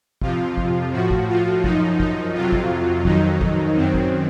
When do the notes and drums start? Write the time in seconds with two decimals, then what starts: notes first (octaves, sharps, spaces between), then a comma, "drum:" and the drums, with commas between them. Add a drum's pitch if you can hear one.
0.22 F2 C3 F3 F4, drum: kick
0.58 drum: kick
0.93 A2 F3 F#4
1.11 drum: kick
1.29 F4
1.64 F#2 F3 D#4, drum: kick
2.00 D#4, drum: kick
2.35 F2 C3 F#3 F4
2.52 drum: kick
3.05 F2 D#3 F#3 D#4, drum: kick
3.41 drum: kick
3.76 F#2 D#3 F#3 C4
3.94 drum: kick